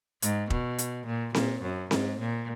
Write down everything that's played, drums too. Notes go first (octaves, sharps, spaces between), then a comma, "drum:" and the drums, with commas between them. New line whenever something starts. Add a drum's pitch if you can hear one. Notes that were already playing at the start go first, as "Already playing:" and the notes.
G#2, drum: hi-hat
B2, drum: kick
drum: hi-hat
A#2
A#2, drum: snare C4
F#2
G#2, drum: snare C4
A#2